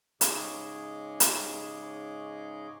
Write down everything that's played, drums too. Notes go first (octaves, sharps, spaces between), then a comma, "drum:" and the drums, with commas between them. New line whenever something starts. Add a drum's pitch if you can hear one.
G#2 C#3 G#4 C#5 D#5 D6, drum: hi-hat
drum: hi-hat